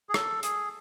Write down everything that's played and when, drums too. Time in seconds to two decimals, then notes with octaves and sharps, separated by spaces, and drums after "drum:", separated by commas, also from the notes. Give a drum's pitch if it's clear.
0.09 G#4
0.14 A4, drum: rim click
0.43 G#4, drum: hi-hat